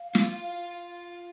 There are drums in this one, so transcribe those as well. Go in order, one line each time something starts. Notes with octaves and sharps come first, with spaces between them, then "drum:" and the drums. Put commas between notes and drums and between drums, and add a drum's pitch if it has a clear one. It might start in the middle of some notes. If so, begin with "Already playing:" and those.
Already playing: F5
F4, drum: snare